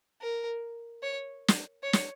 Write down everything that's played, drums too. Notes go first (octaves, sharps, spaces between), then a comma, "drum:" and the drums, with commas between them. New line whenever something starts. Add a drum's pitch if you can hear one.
A#4
C#5
drum: snare
C#5
drum: snare